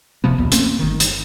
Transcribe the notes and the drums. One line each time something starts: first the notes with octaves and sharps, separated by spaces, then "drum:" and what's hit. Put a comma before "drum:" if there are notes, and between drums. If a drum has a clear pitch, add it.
D1 C3 F3 B3
A#1 D#2 A#2
A3 A#3 C4 C#4, drum: hi-hat
G1 D#3
drum: hi-hat